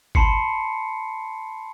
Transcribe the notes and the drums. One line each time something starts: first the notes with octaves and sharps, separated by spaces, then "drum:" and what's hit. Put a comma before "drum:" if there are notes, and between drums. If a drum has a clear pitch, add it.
A5 B5 C6 C7 C#7, drum: kick